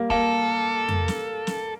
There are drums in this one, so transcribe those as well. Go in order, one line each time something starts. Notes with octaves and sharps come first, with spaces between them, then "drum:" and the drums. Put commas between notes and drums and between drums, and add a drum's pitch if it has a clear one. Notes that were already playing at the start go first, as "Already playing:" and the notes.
Already playing: G3 A#3
A#3 A4, drum: kick
drum: tom F2
drum: snare
drum: snare